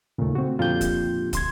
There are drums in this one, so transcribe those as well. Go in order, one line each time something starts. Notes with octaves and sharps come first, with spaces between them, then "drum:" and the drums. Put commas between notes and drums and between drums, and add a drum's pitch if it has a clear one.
D#2 A#2 C#3 A3
C4 F#4
F2 A#2 D3 F4 G4 G6
drum: kick, hi-hat
D2 C6 G#6, drum: kick, hi-hat